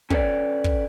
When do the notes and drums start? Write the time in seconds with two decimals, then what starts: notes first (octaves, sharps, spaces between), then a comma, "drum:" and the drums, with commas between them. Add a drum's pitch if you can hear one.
0.10 C#4 A4 B4 C#5 D5, drum: kick
0.64 drum: kick